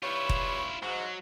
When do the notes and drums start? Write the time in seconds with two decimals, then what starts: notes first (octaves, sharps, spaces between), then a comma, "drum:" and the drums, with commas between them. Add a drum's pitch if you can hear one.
0.03 G3 E4 F4 B4 C#5
0.29 drum: kick F1
0.83 G#2 F#3